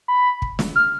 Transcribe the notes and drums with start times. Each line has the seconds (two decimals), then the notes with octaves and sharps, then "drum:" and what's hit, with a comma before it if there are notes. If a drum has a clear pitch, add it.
0.08 B5
0.42 drum: kick
0.59 drum: snare
0.76 F6